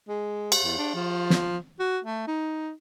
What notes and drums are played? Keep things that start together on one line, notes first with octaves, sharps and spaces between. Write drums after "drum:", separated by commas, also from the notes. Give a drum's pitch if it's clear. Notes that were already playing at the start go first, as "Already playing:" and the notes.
G#3
drum: cymbal
E2
D4
F3
drum: snare
F#4
A3
D#4